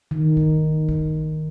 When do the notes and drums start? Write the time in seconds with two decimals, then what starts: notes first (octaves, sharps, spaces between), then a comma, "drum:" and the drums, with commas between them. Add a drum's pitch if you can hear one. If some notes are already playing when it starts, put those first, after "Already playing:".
0.11 D#3
0.37 drum: kick
0.89 drum: kick